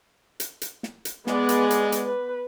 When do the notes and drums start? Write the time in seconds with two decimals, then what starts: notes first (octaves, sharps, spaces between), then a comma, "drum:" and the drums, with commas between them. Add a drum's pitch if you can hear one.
0.40 drum: hi-hat
0.62 drum: hi-hat
0.83 drum: snare
1.05 drum: hi-hat
1.27 G#3 B3 D5, drum: snare
1.49 drum: hi-hat
1.70 drum: hi-hat
1.92 drum: hi-hat
2.05 B4